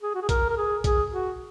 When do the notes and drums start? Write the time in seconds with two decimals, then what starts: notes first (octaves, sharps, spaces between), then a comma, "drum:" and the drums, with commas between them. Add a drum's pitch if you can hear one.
0.01 G#4
0.15 F#4
0.22 G#4
0.29 A#4, drum: kick B1, hi-hat
0.49 A#4
0.57 G#4
0.84 G#4, drum: kick B1, hi-hat
1.12 F#4